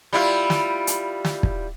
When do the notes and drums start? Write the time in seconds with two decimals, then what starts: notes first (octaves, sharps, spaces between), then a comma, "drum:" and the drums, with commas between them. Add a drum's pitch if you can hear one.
0.13 G3 E4 F4
0.50 drum: snare
0.87 drum: hi-hat
1.25 drum: snare
1.43 drum: kick